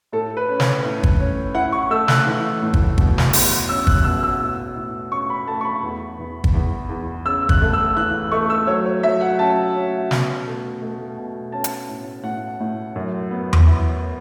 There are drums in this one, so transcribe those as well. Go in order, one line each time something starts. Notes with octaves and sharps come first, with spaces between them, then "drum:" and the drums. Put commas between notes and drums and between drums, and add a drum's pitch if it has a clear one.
A2 A4
B4
C#4
C#5, drum: snare
A2
drum: kick
C#4
E4 F#5
C#6
A3 E6
F#6, drum: snare
E3
A2
drum: kick
B2, drum: kick
drum: snare
E2, drum: open hi-hat
C#4 E6
F#6, drum: kick
B2 E6
E6
A2
A2
C#4 C#6
B5
A3 A5
C#6
B5
E2
E2
drum: kick
E2
E2
C#3 E6
F#6, drum: kick
A3
E6
E3 F#6
A3 C#6
E6
F#3 C#5
C#5
F#3 E5
F#5
C#4 A5
C#4
B2, drum: snare
A3
A3
B2
C#4 A5
drum: hi-hat
A2
A2 F#5
A2
F#2
B3
drum: tom E2
E4